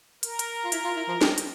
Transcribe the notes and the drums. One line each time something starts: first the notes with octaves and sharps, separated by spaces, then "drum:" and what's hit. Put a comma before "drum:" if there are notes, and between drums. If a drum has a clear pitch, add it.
A#4, drum: hi-hat
drum: hi-hat
F4
E4, drum: hi-hat
F4
E4
F3
G3, drum: snare
drum: hi-hat